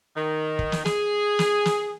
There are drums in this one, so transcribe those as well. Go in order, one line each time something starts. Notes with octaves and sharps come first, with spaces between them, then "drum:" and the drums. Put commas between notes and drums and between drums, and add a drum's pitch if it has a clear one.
D#3
drum: kick
drum: snare
G#4, drum: snare
drum: snare
drum: snare